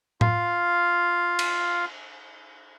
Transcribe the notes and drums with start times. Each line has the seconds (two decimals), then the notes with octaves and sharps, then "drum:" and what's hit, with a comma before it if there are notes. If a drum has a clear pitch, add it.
0.21 F4 F5, drum: tom A2
1.39 drum: cymbal